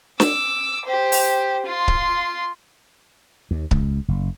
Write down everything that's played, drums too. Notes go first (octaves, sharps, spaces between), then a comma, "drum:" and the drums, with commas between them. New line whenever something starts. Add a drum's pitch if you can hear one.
D6 E6, drum: snare
G4 C5
drum: open hi-hat
F4 C6
drum: kick C#1
D#2
C#2, drum: kick C#1
F#1